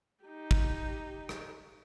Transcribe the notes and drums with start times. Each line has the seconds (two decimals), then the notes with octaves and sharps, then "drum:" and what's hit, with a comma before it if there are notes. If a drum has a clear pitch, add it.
0.25 D#4 G4
0.51 drum: kick
1.29 drum: rim click